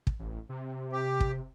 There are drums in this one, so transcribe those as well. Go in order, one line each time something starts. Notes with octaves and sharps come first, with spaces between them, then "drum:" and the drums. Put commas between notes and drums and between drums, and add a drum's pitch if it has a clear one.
drum: kick
A1
C3
G4
drum: kick